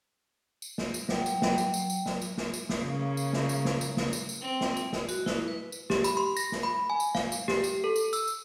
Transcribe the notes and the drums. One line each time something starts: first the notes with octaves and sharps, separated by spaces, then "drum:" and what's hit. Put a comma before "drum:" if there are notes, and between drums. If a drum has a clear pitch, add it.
drum: tambourine
drum: snare
drum: tambourine
F#3 G5, drum: snare
drum: tambourine
drum: snare
drum: tambourine
drum: tambourine
drum: tambourine
drum: snare
drum: tambourine
drum: snare
drum: tambourine
drum: snare
C#3 A#3
drum: tambourine
drum: snare
drum: tambourine
drum: snare
drum: tambourine
drum: snare
drum: tambourine
drum: tambourine
C4
drum: snare
drum: tambourine
drum: snare
F#4, drum: tambourine
E4, drum: snare
B4
drum: tambourine
G4, drum: snare
B5, drum: tambourine
C6
A#6, drum: tambourine
drum: snare
B5
G#5
drum: tambourine
F5, drum: snare
drum: tambourine
G4, drum: snare
drum: tambourine
A4
drum: tambourine
E6, drum: tambourine
drum: tambourine